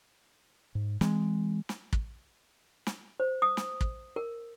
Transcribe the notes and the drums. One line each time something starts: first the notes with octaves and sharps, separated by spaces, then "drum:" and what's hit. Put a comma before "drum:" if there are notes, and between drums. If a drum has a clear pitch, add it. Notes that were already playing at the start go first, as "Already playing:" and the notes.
G#2
E3 G#3 C4, drum: snare
drum: snare
drum: kick
drum: snare
C5
D#6
drum: snare
drum: kick
A#4